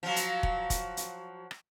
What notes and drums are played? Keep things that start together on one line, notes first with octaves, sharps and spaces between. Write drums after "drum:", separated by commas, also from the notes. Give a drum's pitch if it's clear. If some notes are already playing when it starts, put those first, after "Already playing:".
F3 F#3
drum: hi-hat
drum: kick
drum: kick, hi-hat
drum: hi-hat
drum: rim click